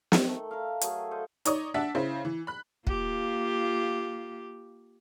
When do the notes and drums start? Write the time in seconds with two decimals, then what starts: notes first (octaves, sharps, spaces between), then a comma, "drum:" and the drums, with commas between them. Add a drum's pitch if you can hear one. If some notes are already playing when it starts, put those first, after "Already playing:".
0.12 D#3, drum: snare
0.29 A3
0.51 A#4 E5 F5
0.81 F#3 A3 G#4, drum: hi-hat
1.11 A4 C5 D#5 F5
1.45 D#4 C#5 D5 D#6, drum: hi-hat
1.74 D4 E5 F#5 A5 B6
1.95 C#3 E4 C5
2.25 E3
2.47 B5 F#6
2.87 A#3 F4 G4, drum: kick